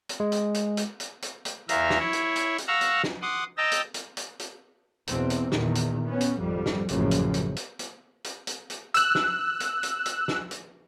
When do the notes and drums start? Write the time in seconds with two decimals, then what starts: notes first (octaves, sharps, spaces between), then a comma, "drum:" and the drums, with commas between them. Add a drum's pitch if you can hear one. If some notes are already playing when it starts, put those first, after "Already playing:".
0.09 drum: hi-hat
0.20 G#3
0.32 drum: hi-hat
0.54 drum: hi-hat
0.77 drum: hi-hat
1.00 drum: hi-hat
1.22 drum: hi-hat
1.45 drum: hi-hat
1.69 E2 E5 F5 A#5, drum: hi-hat
1.90 drum: snare
2.00 E4 C#5
2.13 drum: hi-hat
2.36 drum: hi-hat
2.58 drum: hi-hat
2.68 F5 F#5 A#5 C#6 E6
2.81 drum: hi-hat
3.04 drum: snare
3.22 F#5 C6 D6 D#6
3.58 D#5 G5 A5 A#5 E6
3.71 drum: hi-hat
3.94 drum: hi-hat
4.17 drum: hi-hat
4.39 drum: hi-hat
5.07 E2 B2 C4, drum: hi-hat
5.30 drum: hi-hat
5.52 E2 A#2 D#3, drum: snare
5.75 drum: hi-hat
6.06 B3 C#4
6.21 drum: hi-hat
6.40 G#1 F2 G3
6.66 drum: snare
6.89 A1 F#2 C#3 F3 A#3, drum: hi-hat
7.11 drum: hi-hat
7.34 drum: hi-hat
7.56 drum: hi-hat
7.79 drum: hi-hat
8.24 drum: hi-hat
8.47 drum: hi-hat
8.70 drum: hi-hat
8.94 E6 F#6, drum: hi-hat
9.15 drum: snare
9.60 drum: hi-hat
9.83 drum: hi-hat
10.06 drum: hi-hat
10.28 drum: snare
10.51 drum: hi-hat